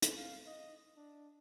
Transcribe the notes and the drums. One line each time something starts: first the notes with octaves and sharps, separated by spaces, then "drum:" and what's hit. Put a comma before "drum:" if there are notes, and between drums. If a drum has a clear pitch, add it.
drum: hi-hat
F5
D#5
D4